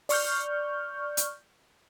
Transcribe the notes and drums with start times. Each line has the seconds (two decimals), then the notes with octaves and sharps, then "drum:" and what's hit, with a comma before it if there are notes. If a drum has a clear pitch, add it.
0.09 D5 C#6 F6 G6, drum: open hi-hat
1.17 drum: hi-hat